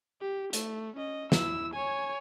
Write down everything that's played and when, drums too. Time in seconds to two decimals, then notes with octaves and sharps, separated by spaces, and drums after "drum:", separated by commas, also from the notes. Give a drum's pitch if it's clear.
0.21 G4
0.53 A3, drum: hi-hat
0.96 C#4 D#5
1.32 E4 E6, drum: snare
1.74 C#5 G#5